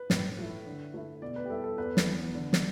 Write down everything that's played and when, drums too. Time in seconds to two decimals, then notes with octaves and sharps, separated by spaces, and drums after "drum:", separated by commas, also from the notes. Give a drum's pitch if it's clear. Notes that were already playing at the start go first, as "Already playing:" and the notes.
Already playing: B4
0.10 A2, drum: snare
0.39 A3 E4
0.66 D3
0.94 A3 E4
1.22 B2 D5
1.36 B4
1.45 G4
1.50 G3 E4 A4
1.64 A4
1.78 E2 B4
1.97 drum: snare
2.06 E3 B3
2.35 D3
2.53 drum: snare